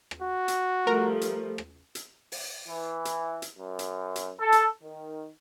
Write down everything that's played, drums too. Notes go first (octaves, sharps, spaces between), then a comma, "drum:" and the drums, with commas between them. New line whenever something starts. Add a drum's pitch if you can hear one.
drum: rim click
F#4
drum: hi-hat
F3 G3 A3 A#4
drum: hi-hat
drum: rim click
drum: hi-hat
drum: open hi-hat
E3
drum: hi-hat
drum: hi-hat
F#2
drum: hi-hat
drum: hi-hat
A4
drum: hi-hat
D#3